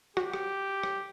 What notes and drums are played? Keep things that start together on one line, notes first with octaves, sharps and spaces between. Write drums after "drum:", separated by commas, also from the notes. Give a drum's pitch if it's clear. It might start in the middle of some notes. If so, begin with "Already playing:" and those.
F#4 G4, drum: rim click
drum: rim click
drum: rim click